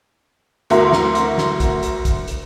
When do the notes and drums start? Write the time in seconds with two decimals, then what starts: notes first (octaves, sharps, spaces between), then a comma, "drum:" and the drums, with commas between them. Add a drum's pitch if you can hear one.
0.70 D2 E4 F#4 A#4 C6, drum: hi-hat
0.93 drum: snare
1.15 drum: hi-hat
1.38 drum: snare
1.60 drum: kick, hi-hat
1.83 drum: hi-hat
2.05 drum: kick, hi-hat
2.28 drum: hi-hat